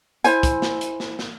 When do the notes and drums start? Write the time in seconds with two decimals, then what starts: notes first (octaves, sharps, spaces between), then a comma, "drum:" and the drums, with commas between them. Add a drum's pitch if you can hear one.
0.24 E4 C5 G#5, drum: hi-hat
0.43 drum: kick, hi-hat
0.62 drum: snare
0.81 drum: hi-hat
1.00 drum: snare
1.19 drum: snare